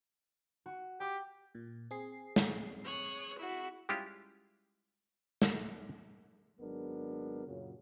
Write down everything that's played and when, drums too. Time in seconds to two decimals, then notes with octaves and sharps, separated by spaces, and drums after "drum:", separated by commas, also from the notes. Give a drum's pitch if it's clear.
0.66 F#4
1.00 G4 G5 D6
1.55 A#2
1.91 C4 G#4 C7
2.36 drum: snare
2.84 C#5 D#6 F#6
3.38 E4 F#4
3.89 G3 G#3 C#4 E4 F4 G4
5.42 drum: snare
6.60 G#1 F#3 G#3 B3 D4 A#4
7.47 F#2 A#2 C#3 F#3